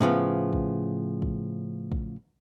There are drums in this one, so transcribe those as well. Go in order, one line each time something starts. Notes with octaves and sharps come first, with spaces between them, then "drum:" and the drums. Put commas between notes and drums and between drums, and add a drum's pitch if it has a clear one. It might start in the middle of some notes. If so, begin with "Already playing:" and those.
A2 C#3 F3 B3
drum: kick
drum: kick
drum: kick